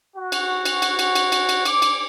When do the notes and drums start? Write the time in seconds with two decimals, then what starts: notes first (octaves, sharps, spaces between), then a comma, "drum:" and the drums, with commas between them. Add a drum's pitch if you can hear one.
0.17 F#4
0.32 drum: cymbal
0.65 drum: cymbal
0.82 drum: cymbal
0.99 drum: cymbal
1.15 drum: cymbal
1.32 drum: cymbal
1.49 drum: cymbal
1.65 D6, drum: cymbal
1.82 drum: cymbal